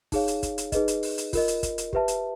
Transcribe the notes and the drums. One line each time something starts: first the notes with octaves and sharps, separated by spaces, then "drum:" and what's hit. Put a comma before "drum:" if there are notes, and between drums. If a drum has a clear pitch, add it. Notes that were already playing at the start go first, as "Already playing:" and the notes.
D#4 G#4 C#5 F5, drum: kick, open hi-hat
drum: hi-hat
drum: kick, hi-hat
drum: hi-hat
D#4 G#4 B4 D#5, drum: kick, hi-hat
drum: hi-hat
drum: open hi-hat
drum: hi-hat
F4 A#4 D#5, drum: kick, open hi-hat
drum: hi-hat
drum: kick, hi-hat
drum: hi-hat
G4 B4 E5 A5, drum: kick
drum: hi-hat